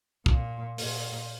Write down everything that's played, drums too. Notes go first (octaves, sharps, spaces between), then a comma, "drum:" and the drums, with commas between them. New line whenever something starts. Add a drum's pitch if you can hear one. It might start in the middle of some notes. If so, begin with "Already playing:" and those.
A#2, drum: kick
A#2, drum: open hi-hat